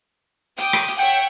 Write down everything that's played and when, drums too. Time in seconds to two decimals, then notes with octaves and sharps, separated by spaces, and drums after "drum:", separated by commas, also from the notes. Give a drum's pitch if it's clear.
0.58 G5 D6 D#6, drum: hi-hat
0.73 drum: rim click
0.88 drum: hi-hat
0.98 C#5 E5 F#5 G5